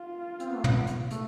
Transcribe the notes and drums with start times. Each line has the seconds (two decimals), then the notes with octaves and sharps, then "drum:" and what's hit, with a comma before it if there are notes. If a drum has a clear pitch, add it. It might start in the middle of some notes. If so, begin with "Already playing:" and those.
Already playing: F4
0.40 C4, drum: hi-hat
0.48 B3
0.56 A3
0.64 B3, drum: tom
0.87 drum: hi-hat
1.10 A3, drum: hi-hat